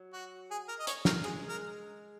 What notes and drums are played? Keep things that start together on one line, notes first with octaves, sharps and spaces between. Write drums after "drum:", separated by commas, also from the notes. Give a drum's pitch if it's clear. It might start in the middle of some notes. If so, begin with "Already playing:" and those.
Already playing: F#3
F#4
G#4
A#4
D#5
C#5, drum: hi-hat
A#4, drum: snare
G#3 G#4
A#4